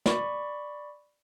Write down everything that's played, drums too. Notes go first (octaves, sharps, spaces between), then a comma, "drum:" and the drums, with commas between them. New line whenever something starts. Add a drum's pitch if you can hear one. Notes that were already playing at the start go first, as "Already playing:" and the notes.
D5 B5 C#6, drum: snare